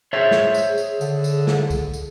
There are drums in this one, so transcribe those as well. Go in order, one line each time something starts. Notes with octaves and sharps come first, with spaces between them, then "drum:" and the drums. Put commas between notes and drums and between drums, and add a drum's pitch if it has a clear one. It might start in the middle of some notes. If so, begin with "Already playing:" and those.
G#4 C5 C#5 E5
drum: snare
drum: tambourine
drum: tambourine
D3, drum: tambourine
drum: tambourine
drum: snare
drum: kick C2, tambourine
drum: tambourine